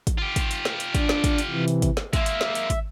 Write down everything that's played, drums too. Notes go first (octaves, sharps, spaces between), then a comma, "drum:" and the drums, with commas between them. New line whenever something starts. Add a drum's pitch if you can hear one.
drum: kick, hi-hat
F4 G4
drum: kick, hi-hat
drum: hi-hat
drum: snare
drum: hi-hat
D4, drum: kick, hi-hat
drum: snare
drum: kick, hi-hat
drum: hi-hat
C3 E3
drum: hi-hat
drum: kick, hi-hat
drum: snare
G#3 A#3 E5, drum: kick, hi-hat
drum: hi-hat
drum: snare
drum: hi-hat
drum: kick, hi-hat